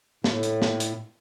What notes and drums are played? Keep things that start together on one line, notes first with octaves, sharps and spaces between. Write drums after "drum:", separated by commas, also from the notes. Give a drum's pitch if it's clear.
A2, drum: snare
drum: hi-hat
drum: snare
drum: hi-hat